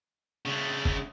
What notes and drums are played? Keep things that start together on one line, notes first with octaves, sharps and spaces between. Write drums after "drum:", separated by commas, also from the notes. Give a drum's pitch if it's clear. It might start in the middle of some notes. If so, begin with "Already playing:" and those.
C#3 A3
drum: kick F1